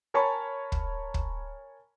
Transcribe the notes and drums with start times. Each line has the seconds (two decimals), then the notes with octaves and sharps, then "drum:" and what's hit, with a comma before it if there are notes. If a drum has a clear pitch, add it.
0.14 A#4 C#5 G#5 A5 B5 C#6
0.72 drum: kick
1.14 drum: kick